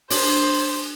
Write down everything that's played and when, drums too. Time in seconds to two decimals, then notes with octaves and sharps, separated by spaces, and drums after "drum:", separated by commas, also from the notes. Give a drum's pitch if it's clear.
0.10 D4 C5, drum: open hi-hat